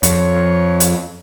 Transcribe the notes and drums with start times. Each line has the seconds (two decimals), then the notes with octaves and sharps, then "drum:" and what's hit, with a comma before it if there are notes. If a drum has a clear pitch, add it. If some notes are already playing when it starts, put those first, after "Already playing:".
0.03 F2 C#5, drum: hi-hat
0.80 drum: hi-hat